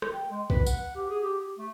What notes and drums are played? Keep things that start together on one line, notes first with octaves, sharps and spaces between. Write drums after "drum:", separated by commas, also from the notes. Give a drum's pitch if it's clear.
drum: rim click
G5
G#3
B4, drum: kick
F#5, drum: tambourine
G4
G#4
G4
G4
A3